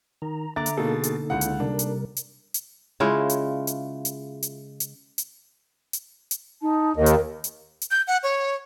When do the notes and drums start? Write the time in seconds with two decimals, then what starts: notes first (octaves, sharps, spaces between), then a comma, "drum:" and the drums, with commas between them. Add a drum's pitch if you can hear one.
0.22 D#3 A#5
0.56 D3 A#3 E5 A#5 D6 F#6 A6
0.66 drum: hi-hat
0.77 B2 A#3 D#4 G#4 A4 A6
1.04 drum: hi-hat
1.30 C#2 C#4 E4 F#5
1.41 drum: hi-hat
1.60 C3 G3 D4 A#4
1.79 drum: hi-hat
2.17 drum: hi-hat
2.54 drum: hi-hat
3.00 C#3 G#3 E4 F4
3.30 drum: hi-hat
3.67 drum: hi-hat
4.05 drum: hi-hat
4.43 drum: hi-hat
4.80 drum: hi-hat
5.18 drum: hi-hat
5.93 drum: hi-hat
6.31 drum: hi-hat
6.62 D#4 A5
6.97 D#2 A#4 D#5
7.06 drum: hi-hat
7.44 drum: hi-hat
7.82 drum: hi-hat
7.91 G6
8.07 F#5
8.23 C#5